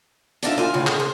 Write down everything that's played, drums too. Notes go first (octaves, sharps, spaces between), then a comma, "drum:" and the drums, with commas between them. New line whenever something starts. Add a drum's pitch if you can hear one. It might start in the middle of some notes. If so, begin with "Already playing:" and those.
D4 D#4 F4 E5, drum: hi-hat
F4 G#5
D2 A2 C#3
G#4 D#5, drum: clap
C5